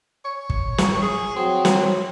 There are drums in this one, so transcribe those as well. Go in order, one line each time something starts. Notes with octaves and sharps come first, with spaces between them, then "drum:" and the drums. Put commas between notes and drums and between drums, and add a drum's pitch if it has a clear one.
C#5
drum: kick
drum: snare
G#4
F#3 C4
drum: snare